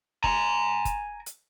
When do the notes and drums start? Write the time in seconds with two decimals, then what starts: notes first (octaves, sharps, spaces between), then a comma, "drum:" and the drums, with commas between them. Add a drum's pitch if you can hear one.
0.24 G#5 A#5, drum: kick
0.85 drum: kick, hi-hat
1.26 drum: hi-hat